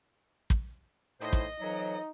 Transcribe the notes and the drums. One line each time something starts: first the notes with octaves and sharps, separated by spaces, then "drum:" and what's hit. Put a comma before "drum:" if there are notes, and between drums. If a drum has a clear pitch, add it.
drum: kick
A2 D#4 E4 C5 D#5
drum: kick
F2 E3 F#3 D#4